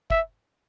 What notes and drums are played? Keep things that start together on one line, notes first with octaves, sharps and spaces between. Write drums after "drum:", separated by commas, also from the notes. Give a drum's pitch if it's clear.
E5, drum: kick